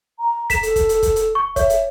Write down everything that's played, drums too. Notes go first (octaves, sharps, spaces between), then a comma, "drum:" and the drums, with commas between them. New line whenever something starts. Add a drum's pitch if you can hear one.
A#5
B6 E7, drum: kick, hi-hat
A4, drum: hi-hat
drum: kick, hi-hat
drum: hi-hat
drum: kick, hi-hat
drum: hi-hat
C#6
C#5 E5, drum: kick, hi-hat
drum: hi-hat